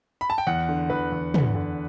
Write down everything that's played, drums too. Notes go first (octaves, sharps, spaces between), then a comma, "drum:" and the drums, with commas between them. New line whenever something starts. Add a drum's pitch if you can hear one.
B5
A5
G5
E2 F#5
D3
E2 B4
E2
D3, drum: tom
D3